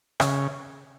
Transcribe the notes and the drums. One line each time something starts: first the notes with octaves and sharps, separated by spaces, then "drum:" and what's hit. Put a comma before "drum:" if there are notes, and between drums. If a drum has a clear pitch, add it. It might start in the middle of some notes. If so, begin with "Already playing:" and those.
C#3, drum: rim click